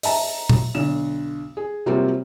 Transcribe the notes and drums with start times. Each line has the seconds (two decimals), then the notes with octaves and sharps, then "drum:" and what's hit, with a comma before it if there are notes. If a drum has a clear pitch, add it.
0.03 D#5 E5 A5 A#5, drum: open hi-hat
0.50 drum: tom A#2
0.74 B1 D3 E7
1.57 G#4
1.86 C3 F#3 G3 A#3 C4 F4